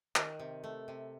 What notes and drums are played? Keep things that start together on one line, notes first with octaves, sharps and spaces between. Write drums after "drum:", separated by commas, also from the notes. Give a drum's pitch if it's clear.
D#3, drum: clap
C3
A3
C3